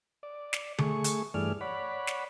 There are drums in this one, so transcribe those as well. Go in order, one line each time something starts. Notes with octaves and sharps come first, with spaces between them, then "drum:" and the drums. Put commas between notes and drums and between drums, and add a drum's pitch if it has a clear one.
D5
drum: snare
A3 G#4 C#6, drum: tom D3
drum: hi-hat
G2 E3 A3 G#4 D5 F6
C#5 D5 F#5 B5
drum: snare